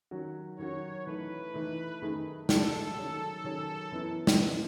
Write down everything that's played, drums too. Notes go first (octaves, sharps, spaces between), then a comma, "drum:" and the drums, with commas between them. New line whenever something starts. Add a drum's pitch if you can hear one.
D#3 F#3 C#4 F#4
D#3 F#3 C#4 F#4 C#5
E3 A3 D#4 B4
E3 A3 D#4
F#2 D#3 A3 D#4 G#4
F#2 D#3 A3 D#4 G#4 A4, drum: snare
D#3 F#3 C#4 G#4 C#5
D#3 F#3 C#4 G#4 C#5
F#2 E3 B3 E4
drum: snare
F#2 E3 B3 E4